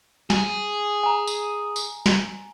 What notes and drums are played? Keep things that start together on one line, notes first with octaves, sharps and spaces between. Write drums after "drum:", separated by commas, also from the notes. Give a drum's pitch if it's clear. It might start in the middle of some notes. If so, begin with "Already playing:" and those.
G#4, drum: snare
G#5 A#5
drum: tambourine
drum: tambourine
drum: snare